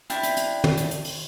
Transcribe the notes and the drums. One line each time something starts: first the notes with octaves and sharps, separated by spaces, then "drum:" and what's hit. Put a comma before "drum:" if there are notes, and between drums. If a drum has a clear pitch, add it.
C4 D4 E4, drum: hi-hat
drum: hi-hat
drum: hi-hat
drum: tom
drum: hi-hat
drum: hi-hat
drum: open hi-hat